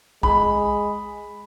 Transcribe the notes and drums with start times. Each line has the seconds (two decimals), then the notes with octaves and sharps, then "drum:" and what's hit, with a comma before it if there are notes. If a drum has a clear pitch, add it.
0.23 G#3 B5, drum: kick B1